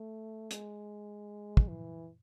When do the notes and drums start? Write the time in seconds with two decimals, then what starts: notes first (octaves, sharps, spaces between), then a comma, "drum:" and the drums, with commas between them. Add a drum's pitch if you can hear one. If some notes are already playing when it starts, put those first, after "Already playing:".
Already playing: A3
0.51 G#3, drum: hi-hat
1.57 drum: kick
1.68 E3